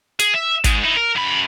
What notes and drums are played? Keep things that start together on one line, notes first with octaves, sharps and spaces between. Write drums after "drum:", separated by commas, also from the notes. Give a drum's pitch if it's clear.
G#4, drum: hi-hat
E5
G#2 G#3, drum: kick, hi-hat
D#4 E4
A#4
F#2 B5